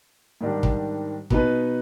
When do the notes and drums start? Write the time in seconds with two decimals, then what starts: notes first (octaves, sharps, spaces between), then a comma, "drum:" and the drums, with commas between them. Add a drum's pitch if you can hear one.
0.41 G#2 D#3 G3 D4
0.63 drum: kick
1.30 B2 B3 D#4 B4, drum: kick